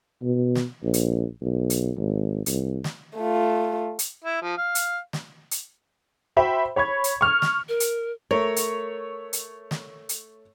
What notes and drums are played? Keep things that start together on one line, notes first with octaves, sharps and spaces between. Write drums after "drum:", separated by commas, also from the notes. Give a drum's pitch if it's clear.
B2
drum: snare
A#1
drum: hi-hat
B1
drum: hi-hat
G#1
C2, drum: hi-hat
drum: snare
A3 F4
drum: hi-hat
E4
F3
F5
drum: hi-hat
drum: snare
drum: hi-hat
F#4 C5 E5 G5 B5
C#5 B5 C#6 G#6
drum: hi-hat
C#6 F6
drum: snare
A#4
drum: hi-hat
A3 A#4 C#5
drum: hi-hat
drum: hi-hat
drum: snare
drum: hi-hat